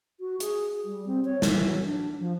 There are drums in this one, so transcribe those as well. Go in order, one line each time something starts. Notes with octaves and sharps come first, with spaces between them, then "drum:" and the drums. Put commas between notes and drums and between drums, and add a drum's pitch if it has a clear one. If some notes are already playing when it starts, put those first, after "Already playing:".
F#4
G#4, drum: hi-hat
G3
C4
C#5
E3, drum: snare
F#3
D4
F3